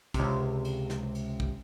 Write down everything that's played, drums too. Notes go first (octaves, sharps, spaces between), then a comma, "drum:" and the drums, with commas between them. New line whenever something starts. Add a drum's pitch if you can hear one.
C#2 C3, drum: kick, cymbal
drum: cymbal
drum: snare
drum: cymbal
drum: kick